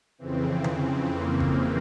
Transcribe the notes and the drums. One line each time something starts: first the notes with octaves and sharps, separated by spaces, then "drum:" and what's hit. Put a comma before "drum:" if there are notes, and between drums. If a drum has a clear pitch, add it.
F2 C#3 E3 C4
drum: tom D3
A#3
drum: kick F#1